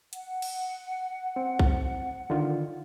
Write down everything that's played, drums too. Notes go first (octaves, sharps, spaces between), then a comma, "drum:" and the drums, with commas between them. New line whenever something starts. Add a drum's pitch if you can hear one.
F#5, drum: hi-hat
drum: cymbal
C4
drum: kick B1
D3 D#3 F4